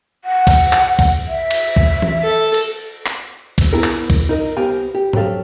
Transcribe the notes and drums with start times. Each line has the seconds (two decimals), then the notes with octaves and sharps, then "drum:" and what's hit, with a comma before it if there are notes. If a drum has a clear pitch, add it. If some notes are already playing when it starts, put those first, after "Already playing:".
0.24 F#5
0.47 drum: kick, cymbal
0.73 drum: clap
0.99 drum: kick, cymbal
1.28 E5
1.51 drum: cymbal
1.76 drum: kick
2.02 drum: tom E3
2.23 A4
2.54 drum: cymbal
3.06 drum: clap
3.58 drum: kick, cymbal
3.73 B3 E4 G#4 A#4
3.84 drum: clap
4.10 drum: kick, cymbal
4.29 D#4 A#4 D#5
4.57 C2 B3 G4 F5 G#5
4.95 G4
5.13 F2 F#3 G4 A4 F5, drum: tom G#2